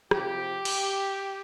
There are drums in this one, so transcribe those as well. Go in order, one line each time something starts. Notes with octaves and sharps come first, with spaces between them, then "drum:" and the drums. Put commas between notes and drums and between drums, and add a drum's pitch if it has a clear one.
C3 F3 G4, drum: rim click
drum: cymbal